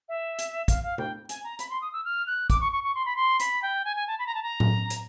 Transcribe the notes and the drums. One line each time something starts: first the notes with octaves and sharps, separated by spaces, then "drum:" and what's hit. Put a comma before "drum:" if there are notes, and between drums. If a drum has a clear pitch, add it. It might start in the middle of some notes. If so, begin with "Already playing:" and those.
E5
drum: hi-hat
F5, drum: kick, hi-hat
F5
G5, drum: tom
G#5, drum: hi-hat
A#5
B5, drum: hi-hat
C6
D#6
E6
F6
F#6
D6, drum: kick, hi-hat
C#6
C#6
C#6
C6
B5
C6
B5, drum: hi-hat
G5
G#5
G#5
A5
B5
A#5
A5
A#5
drum: tom A2
drum: hi-hat